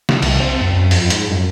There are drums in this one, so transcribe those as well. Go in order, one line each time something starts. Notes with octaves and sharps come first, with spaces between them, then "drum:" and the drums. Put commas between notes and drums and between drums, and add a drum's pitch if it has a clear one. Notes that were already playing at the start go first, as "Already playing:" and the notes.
drum: snare
C2, drum: cymbal
C4
F#2
F2, drum: open hi-hat
G#2, drum: hi-hat
F#2